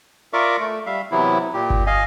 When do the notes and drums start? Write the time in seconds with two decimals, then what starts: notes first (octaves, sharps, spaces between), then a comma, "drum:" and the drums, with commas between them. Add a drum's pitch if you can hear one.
0.33 F4 A#4 D5 E5 C#6 D6
0.60 A3
0.86 G3 E5 F5
1.11 C3 E3 F#3 B3 E4
1.53 A#2 G4
1.70 drum: kick G1
1.87 D#5 F5 G#5